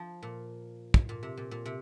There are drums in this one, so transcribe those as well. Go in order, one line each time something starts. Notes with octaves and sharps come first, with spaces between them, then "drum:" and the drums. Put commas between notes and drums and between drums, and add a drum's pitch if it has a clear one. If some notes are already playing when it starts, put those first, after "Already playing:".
Already playing: F3
A#2
drum: kick
A#2
C3
A#2
A#2
C3